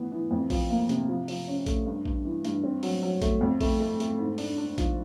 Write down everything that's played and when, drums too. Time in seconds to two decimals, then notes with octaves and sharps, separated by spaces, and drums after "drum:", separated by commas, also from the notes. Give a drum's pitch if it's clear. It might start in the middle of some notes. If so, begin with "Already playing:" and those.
Already playing: E3 B3
0.12 E3
0.31 F2
0.50 F3, drum: kick A#1, open hi-hat
0.70 A#3
0.89 C3, drum: hi-hat
1.09 F3
1.28 F3, drum: open hi-hat
1.48 C#4
1.66 A3, drum: kick A#1, hi-hat
1.86 G2
2.05 G2, drum: kick A#1
2.25 E3
2.45 G2, drum: hi-hat
2.64 C4
2.83 F#3, drum: open hi-hat
3.02 F#3
3.22 A3, drum: kick A#1, hi-hat
3.41 F2
3.61 A3, drum: kick A#1, open hi-hat
3.80 A3
4.00 A3, drum: hi-hat
4.19 G#2
4.38 D4, drum: open hi-hat
4.58 D4
4.78 F3, drum: kick A#1, hi-hat